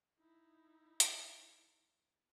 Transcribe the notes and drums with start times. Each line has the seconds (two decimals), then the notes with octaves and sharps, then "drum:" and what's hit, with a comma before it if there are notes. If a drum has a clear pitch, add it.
0.18 D#4 E4
1.00 drum: hi-hat